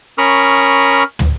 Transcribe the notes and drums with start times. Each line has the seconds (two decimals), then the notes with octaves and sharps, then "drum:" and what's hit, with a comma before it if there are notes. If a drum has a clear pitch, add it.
0.18 C#4 A#4 B5 C#6 D#6 F6
1.19 drum: tom